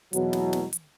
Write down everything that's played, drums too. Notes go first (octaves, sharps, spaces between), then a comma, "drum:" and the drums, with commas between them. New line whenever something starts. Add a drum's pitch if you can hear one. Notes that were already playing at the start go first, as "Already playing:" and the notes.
E2 B2 F#3, drum: hi-hat
drum: snare
drum: snare
drum: hi-hat